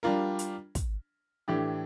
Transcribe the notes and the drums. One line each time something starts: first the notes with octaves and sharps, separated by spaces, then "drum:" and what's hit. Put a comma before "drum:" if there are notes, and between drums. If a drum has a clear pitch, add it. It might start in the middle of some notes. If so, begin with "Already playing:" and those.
G3 D4 F4 A#4
drum: hi-hat
drum: kick, hi-hat
A2 E3 A3 D4 G4